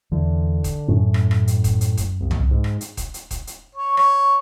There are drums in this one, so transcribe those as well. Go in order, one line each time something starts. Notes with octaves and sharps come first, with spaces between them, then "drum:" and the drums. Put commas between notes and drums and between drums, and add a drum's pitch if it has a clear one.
E2 D3
drum: kick D#1, hi-hat
F#2 A2 C#4
drum: rim click
drum: rim click
drum: hi-hat
drum: kick D#1, hi-hat
drum: hi-hat
drum: kick D#1, hi-hat
C2
drum: tom C2
G#2
drum: rim click
drum: hi-hat
drum: kick D#1, hi-hat
drum: hi-hat
drum: kick D#1, hi-hat
drum: hi-hat
C#5
C#5, drum: rim click